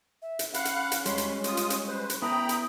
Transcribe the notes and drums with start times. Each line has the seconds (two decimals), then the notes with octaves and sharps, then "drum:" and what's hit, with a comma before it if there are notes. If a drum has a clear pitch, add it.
0.22 E5
0.39 drum: hi-hat
0.54 C#4 F5 F#5 B5 F#6, drum: hi-hat
0.65 drum: hi-hat
0.92 drum: hi-hat
1.06 D2 G3 G#3 C#5 B5 C6, drum: hi-hat
1.18 drum: hi-hat
1.44 F4 D#6, drum: hi-hat
1.57 drum: hi-hat
1.70 drum: hi-hat
1.88 B4 C5
2.10 drum: hi-hat
2.22 B3 E4 A4 G5 A#5 B5 D#6
2.49 drum: hi-hat